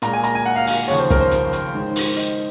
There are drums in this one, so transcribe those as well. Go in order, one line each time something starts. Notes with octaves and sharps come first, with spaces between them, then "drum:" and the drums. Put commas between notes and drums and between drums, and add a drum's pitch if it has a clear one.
A#2 G#3 A#5, drum: hi-hat
G#5
A#5, drum: hi-hat
G#5
F#5
F5
F5, drum: open hi-hat
D#2 C#3 F3 C#5, drum: hi-hat
C5
A#4, drum: kick, hi-hat
C5
drum: hi-hat
drum: hi-hat
G#2 D#3 G#3
drum: open hi-hat
D#5, drum: hi-hat